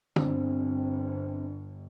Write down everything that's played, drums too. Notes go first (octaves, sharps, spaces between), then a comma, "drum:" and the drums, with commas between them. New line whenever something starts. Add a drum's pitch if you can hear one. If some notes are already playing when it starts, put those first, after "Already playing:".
G1 C4 D4, drum: tom